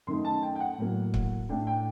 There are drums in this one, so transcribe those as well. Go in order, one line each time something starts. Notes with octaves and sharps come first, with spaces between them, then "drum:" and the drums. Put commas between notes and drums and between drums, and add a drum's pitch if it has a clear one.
F#2 D#3 A3 D#4 C6
A5
G5
G5
F#5
A2 F#3 A#3
drum: kick C#1
A2 A3 D4 G5
G5